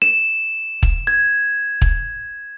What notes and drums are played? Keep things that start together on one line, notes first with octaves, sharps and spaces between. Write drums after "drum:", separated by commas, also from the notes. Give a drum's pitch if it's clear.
E7
drum: kick
G#6
drum: kick